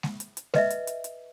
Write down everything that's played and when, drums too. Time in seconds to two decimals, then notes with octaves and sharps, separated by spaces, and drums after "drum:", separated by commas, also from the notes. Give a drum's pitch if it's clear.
0.03 drum: snare G#3
0.20 drum: hi-hat
0.37 drum: hi-hat
0.54 B4 D#5 E5, drum: snare G#3
0.70 drum: hi-hat
0.87 drum: hi-hat
1.04 drum: hi-hat